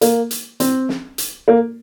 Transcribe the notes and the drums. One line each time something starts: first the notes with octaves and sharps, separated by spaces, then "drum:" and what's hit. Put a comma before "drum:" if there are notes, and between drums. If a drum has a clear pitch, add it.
A#3, drum: hi-hat
drum: hi-hat
C4, drum: hi-hat
drum: snare
drum: hi-hat
A#3